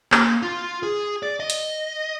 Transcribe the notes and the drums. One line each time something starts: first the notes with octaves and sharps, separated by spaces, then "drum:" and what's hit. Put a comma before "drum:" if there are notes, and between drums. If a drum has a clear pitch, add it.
A#3, drum: clap
F4
G#4
D5
D#5
drum: hi-hat